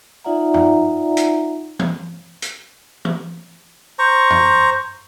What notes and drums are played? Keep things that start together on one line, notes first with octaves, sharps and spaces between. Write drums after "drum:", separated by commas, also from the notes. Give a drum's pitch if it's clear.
D#4 F4 D5 E5 F#5 A#5
drum: tom F#2
drum: hi-hat
drum: tom E3
drum: hi-hat
drum: tom E3
C5 A#5 C#6
drum: tom F#2